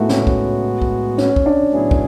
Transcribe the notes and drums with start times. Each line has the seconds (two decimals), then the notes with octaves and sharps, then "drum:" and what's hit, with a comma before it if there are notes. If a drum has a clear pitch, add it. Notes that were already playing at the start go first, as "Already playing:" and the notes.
Already playing: A2 G#3 A3 B3 E4 F#4
0.09 C#4, drum: snare
0.27 drum: kick
0.82 drum: kick
1.18 C#4, drum: snare
1.36 drum: kick
1.46 D4
1.72 A2 F#3 B3 E4 G#4
1.91 drum: kick